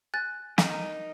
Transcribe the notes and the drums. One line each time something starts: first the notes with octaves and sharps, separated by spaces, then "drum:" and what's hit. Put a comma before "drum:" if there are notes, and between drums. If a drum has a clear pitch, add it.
G#5 F#6 A6
D#4 A#4 D#5, drum: snare